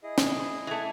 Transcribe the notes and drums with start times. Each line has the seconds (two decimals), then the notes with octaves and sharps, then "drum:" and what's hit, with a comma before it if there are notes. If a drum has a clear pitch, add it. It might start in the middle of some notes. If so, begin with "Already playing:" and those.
0.03 E4 G#4 D#5
0.18 drum: snare
0.67 E3 A3